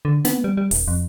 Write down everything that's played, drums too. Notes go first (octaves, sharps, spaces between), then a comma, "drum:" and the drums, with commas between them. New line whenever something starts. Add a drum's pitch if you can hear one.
D3
B3, drum: snare
G3
G3
D#1, drum: open hi-hat
F2